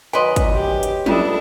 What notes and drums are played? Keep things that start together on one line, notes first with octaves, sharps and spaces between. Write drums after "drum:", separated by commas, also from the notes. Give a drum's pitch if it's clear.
F#2 D#3 C#4 B4 D5 D#5 G#5 C6
drum: kick, hi-hat
G4
drum: hi-hat
G3 G#3 B3 C#4 D4 E4 F4 A4, drum: tom F3